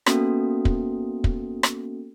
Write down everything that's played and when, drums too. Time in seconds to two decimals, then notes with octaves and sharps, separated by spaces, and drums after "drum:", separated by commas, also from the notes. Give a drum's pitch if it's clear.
0.06 A#3 B3 C#4 F#4 A4, drum: rim click
0.65 drum: kick
1.24 drum: kick
1.63 drum: rim click